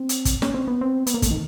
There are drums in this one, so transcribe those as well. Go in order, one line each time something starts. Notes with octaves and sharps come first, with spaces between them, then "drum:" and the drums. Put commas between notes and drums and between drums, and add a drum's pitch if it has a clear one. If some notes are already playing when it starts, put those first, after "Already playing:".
Already playing: C4
drum: hi-hat
drum: kick, hi-hat
C#4, drum: snare
C4
B3
C4
B3, drum: hi-hat
A#3
A3, drum: kick, hi-hat
D#3